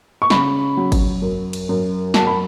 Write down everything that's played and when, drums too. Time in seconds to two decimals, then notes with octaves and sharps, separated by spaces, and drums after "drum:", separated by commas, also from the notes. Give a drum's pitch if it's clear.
0.22 C#6
0.30 C#3 B5, drum: snare
0.77 F#3
0.92 drum: kick G1, cymbal
1.22 F#2
1.53 drum: cymbal
1.69 F#2
2.14 F#3 A5, drum: snare
2.27 B5